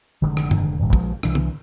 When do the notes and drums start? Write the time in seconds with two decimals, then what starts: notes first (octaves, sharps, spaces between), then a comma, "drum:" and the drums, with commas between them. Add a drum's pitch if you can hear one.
0.22 F1 D3 D#3 G#3
0.37 drum: rim click
0.51 drum: tom G2
0.79 D#1 G#1 G2 F#3
0.93 A#1 F3 G#3 B3, drum: kick
1.23 C2 E3 D4, drum: rim click
1.35 drum: tom